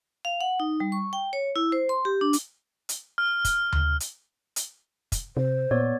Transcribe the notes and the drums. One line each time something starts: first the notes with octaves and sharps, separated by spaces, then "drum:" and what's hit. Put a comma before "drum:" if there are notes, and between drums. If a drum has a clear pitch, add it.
F5
F#5
D#4
G3
C#6
G5
C#5
E4
C5
C6
G4
D4
drum: hi-hat
drum: hi-hat
F6
drum: kick, hi-hat
drum: tom D2
drum: hi-hat
drum: hi-hat
drum: kick, hi-hat
C3 C5
A#2 B3 C#5 D5